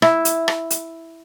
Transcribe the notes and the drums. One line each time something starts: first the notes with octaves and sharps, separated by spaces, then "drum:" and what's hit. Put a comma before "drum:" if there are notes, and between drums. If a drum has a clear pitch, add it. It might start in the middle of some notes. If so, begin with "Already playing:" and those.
E4, drum: rim click
drum: hi-hat
drum: rim click
drum: hi-hat